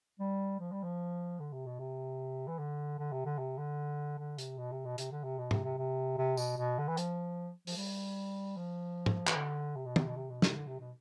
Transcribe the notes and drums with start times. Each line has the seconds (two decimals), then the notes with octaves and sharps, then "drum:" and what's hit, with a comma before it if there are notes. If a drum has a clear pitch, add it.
0.20 G3
0.60 F3
0.72 G3
0.83 F3
1.40 D3
1.53 C3
1.66 B2
1.79 C3
2.48 E3
2.59 D3
2.99 D3
3.12 C3
3.26 D3
3.39 C3
3.58 D3
4.18 D3
4.39 C3, drum: hi-hat
4.58 B2
4.72 C3
4.85 B2
4.98 C3, drum: hi-hat
5.12 D3
5.24 C3
5.38 B2
5.51 C3, drum: tom
5.64 C3
5.78 C3
6.18 C3
6.37 B2, drum: tambourine
6.57 B2
6.79 D3
6.88 E3
6.97 F3, drum: hi-hat
7.67 F3, drum: open hi-hat
7.77 G3
8.57 F3
9.06 drum: tom
9.27 E3, drum: clap
9.36 D3
9.76 C3
9.86 B2
9.96 C3, drum: tom
10.07 B2
10.16 C3
10.30 B2
10.42 C3, drum: snare
10.56 D3
10.68 C3
10.80 B2